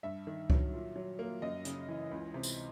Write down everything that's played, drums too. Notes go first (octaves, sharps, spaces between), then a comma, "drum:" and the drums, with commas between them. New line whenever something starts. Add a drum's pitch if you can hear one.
G2 E5
D#3
F#3, drum: kick C#2
A#2
F#3
A#3
F#2 D#5
C#3, drum: hi-hat
E3
C#2
C3
drum: tambourine